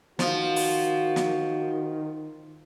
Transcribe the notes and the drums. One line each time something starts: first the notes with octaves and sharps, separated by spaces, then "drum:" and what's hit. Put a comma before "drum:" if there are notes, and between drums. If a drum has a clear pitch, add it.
D#3 F3 F#4, drum: snare
drum: open hi-hat
drum: snare